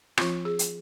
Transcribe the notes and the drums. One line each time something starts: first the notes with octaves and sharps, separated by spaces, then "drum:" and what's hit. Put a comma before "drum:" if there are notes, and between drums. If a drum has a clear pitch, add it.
F3 C4 F4, drum: rim click
G#4
drum: hi-hat